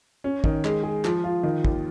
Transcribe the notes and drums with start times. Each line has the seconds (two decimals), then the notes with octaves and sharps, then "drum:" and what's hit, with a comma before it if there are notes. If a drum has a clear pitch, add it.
0.24 C#4
0.44 D#3, drum: kick
0.65 G#3, drum: clap
0.83 G#4
1.05 F3, drum: clap
1.24 F4
1.43 D#3
1.65 D#2, drum: kick